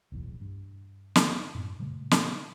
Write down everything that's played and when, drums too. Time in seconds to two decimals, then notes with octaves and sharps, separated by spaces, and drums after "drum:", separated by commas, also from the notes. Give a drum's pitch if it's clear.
0.12 D1 B1 E2
0.41 G2
1.16 drum: snare
1.55 F#2 A2
1.79 A#2 C#3 G3 A3
2.11 drum: snare